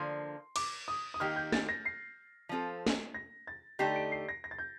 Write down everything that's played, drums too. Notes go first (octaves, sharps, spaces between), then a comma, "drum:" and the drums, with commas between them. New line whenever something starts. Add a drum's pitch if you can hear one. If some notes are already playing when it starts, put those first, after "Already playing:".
Already playing: D3 F3 A#3 C6
D6, drum: cymbal
D#6
D#6
D#3 A#3 D#4 G4 F6
G6
A6, drum: snare
A#6
C7
F3 C4 F4 A4
drum: snare
A#6
A6
D3 A3 D#4 G4 C7
D7
C7
A#6
A#6
A6
G6